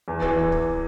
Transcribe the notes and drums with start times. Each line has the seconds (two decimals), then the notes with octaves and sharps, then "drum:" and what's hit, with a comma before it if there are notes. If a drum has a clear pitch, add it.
0.08 E2
0.22 E3, drum: kick
0.52 drum: kick